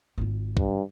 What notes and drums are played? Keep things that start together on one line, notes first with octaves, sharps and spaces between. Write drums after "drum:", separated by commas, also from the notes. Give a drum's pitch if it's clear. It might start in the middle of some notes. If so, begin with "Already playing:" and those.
G#1 F4
G2, drum: kick